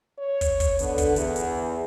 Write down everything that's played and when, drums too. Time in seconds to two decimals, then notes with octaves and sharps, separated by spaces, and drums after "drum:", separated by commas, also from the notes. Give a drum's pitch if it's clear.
0.18 C#5
0.41 drum: kick, hi-hat
0.60 drum: kick, hi-hat
0.79 D3 B3, drum: hi-hat
0.98 drum: kick, hi-hat
1.16 E2, drum: hi-hat
1.36 drum: hi-hat